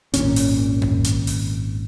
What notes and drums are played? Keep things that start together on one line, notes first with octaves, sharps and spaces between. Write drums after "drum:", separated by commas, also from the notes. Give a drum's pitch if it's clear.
G#1 D#2 A#2 C#4, drum: hi-hat
drum: open hi-hat
drum: tom F2
drum: hi-hat
drum: open hi-hat